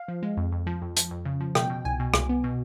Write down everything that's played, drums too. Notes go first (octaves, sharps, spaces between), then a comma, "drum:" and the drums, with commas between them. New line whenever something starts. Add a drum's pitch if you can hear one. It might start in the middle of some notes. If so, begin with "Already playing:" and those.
Already playing: F5
F3
G#3
F2
F2
F3
F2
F3, drum: hi-hat
F2
C#3
F3
B2 G5, drum: rim click
B2
C2 G#5
B2
C2, drum: rim click
B3
B2